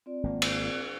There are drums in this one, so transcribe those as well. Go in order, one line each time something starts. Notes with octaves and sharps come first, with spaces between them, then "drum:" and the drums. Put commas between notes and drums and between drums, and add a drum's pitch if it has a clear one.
C4 F4 D5
G#1 A#3
drum: cymbal